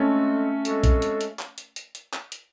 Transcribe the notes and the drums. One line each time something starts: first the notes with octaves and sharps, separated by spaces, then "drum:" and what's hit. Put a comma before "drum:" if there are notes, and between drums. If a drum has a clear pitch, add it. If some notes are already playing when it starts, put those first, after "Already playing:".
Already playing: G#3 A3 C4 C#4 F#4 A4
G#3 C4 F#4 A4, drum: hi-hat
drum: kick A#1, hi-hat
drum: hi-hat
drum: hi-hat
drum: clap
drum: hi-hat
drum: hi-hat
drum: hi-hat
drum: clap
drum: hi-hat